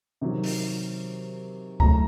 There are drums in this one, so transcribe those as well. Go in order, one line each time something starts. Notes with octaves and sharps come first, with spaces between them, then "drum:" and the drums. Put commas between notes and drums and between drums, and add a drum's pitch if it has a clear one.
C3 D#3 F#3
drum: open hi-hat
A2 F#3 A3 A#5, drum: kick C#2